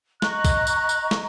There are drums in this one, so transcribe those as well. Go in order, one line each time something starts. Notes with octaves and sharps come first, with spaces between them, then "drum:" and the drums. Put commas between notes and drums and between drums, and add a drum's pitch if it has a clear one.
D#5 A#5 C#6 F#6, drum: snare
drum: kick, tambourine
drum: tambourine
drum: tambourine
drum: snare